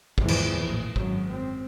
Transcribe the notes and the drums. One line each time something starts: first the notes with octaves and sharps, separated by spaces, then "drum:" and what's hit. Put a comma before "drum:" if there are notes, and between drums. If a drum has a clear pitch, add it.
G#1 E2 A#2 E3 F3, drum: kick
drum: cymbal
A1 A#2
G#1 F#2 F#3, drum: kick
C4